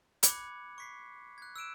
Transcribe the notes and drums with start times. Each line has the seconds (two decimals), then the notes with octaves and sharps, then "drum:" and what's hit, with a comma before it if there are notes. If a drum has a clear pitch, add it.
0.23 B5 D6 F#6 G#6 C#7, drum: hi-hat
0.78 C#6 B6 C7
1.38 F#6 G#6
1.56 E6 F#6 D7 E7